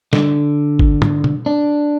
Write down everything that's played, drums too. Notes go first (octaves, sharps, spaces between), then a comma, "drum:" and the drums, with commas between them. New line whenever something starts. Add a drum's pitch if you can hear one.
D3, drum: snare
drum: kick G1
drum: tom
drum: tom B2
D4